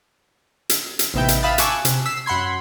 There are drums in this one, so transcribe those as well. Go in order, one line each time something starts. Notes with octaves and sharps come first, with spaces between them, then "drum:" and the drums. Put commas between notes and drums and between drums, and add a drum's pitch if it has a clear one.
drum: hi-hat
drum: hi-hat
A1 C3 B3 D#4 E5 G5
drum: hi-hat
E5 F5 B5 D#6 F#6 A6
G#5 A5 C#6 D6 E6 F#6, drum: hi-hat
C3, drum: hi-hat
E6 B6 C7
F#2 F#5 B5 C6 G#6